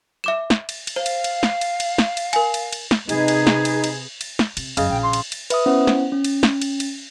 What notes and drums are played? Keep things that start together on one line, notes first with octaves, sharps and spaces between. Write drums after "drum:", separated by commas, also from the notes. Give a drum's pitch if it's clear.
E5 D6 E7
drum: snare
drum: cymbal
drum: cymbal
C5 F5
drum: cymbal
drum: cymbal
drum: snare
drum: cymbal
drum: cymbal
drum: snare
drum: cymbal
A#4 G#5, drum: cymbal
drum: cymbal
drum: cymbal
drum: snare
C3 D#4 G#4 B4, drum: cymbal
drum: cymbal
drum: snare
drum: cymbal
drum: cymbal
drum: cymbal
drum: snare
C3, drum: cymbal
F#2 C#3 D#5, drum: cymbal
A#1 G5
C6
drum: cymbal
drum: cymbal
B4 E5 D#6, drum: cymbal
B3 C#4 E4 C5 F#5
drum: snare
C#4
drum: cymbal
drum: snare
drum: cymbal
drum: cymbal